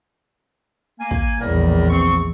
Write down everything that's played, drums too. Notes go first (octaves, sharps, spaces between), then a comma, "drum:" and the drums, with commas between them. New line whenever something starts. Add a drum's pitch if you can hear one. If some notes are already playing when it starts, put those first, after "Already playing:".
A#3 G#5
drum: kick
A#1 E2 A2 G3 A#4
C4 C#6